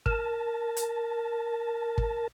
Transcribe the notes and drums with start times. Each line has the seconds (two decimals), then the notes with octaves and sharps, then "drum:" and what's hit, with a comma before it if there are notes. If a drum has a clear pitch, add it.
0.06 A#4 A5, drum: kick
0.77 drum: hi-hat
1.98 drum: kick